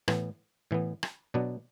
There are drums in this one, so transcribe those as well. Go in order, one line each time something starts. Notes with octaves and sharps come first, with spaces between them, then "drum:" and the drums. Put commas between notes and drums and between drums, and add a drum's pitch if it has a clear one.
A2 E3 B3, drum: rim click
A2 E3 B3
drum: rim click
B2 F#3 B3 D4